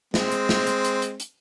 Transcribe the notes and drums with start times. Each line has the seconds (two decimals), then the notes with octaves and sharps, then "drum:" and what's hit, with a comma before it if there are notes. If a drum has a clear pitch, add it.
0.14 G#3 C4, drum: snare
0.32 drum: hi-hat
0.49 drum: snare
0.67 drum: hi-hat
0.84 drum: hi-hat
1.02 drum: hi-hat
1.20 drum: hi-hat